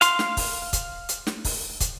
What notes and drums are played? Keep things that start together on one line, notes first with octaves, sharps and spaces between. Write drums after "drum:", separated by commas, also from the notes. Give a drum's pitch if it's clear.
F5 C6, drum: hi-hat
drum: snare
drum: kick, open hi-hat
drum: kick, hi-hat
drum: hi-hat
drum: snare
drum: kick, open hi-hat
drum: kick, hi-hat